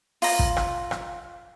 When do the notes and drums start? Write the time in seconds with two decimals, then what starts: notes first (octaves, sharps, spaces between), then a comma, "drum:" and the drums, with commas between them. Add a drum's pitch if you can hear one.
0.22 F4 A#5, drum: open hi-hat
0.39 drum: kick
0.57 drum: rim click
0.91 drum: rim click